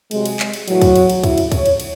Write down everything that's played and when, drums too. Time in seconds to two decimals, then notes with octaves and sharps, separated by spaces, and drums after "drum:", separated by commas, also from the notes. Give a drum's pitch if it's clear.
0.11 C3 F#3 G#3, drum: cymbal
0.25 drum: cymbal
0.39 drum: clap
0.53 drum: cymbal
0.68 A2 E3 F#3, drum: cymbal
0.82 drum: kick, cymbal
0.96 drum: cymbal
1.10 drum: cymbal
1.24 C#3 F#3 E4, drum: kick, cymbal
1.38 drum: cymbal
1.52 C#5, drum: kick, cymbal
1.66 drum: cymbal
1.80 drum: cymbal